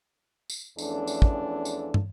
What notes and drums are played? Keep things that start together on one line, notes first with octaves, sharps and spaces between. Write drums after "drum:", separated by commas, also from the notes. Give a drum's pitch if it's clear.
drum: tambourine
E2 F3 A3 C#4 D4 A4, drum: tambourine
drum: tambourine
drum: kick
drum: tambourine
drum: tom